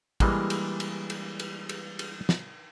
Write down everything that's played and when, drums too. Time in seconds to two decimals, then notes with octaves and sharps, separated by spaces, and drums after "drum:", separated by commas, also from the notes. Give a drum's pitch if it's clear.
0.20 E3 G3 G#3 A#3 D4, drum: kick, cymbal
0.50 drum: cymbal
0.80 drum: cymbal
1.10 drum: cymbal
1.39 drum: cymbal
1.69 drum: cymbal
1.99 drum: cymbal
2.29 drum: snare